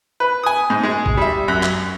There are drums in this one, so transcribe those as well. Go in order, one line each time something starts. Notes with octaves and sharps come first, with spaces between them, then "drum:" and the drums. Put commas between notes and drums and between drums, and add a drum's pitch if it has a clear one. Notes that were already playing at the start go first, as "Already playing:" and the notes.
B4
G#5 D#6
G#2
G#3 G#4
drum: kick
G3 E5
F#2 F#6
drum: clap